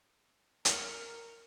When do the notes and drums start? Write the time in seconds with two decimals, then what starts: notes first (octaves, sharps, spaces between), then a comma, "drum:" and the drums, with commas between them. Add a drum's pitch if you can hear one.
0.65 A#4 F6 C#7, drum: hi-hat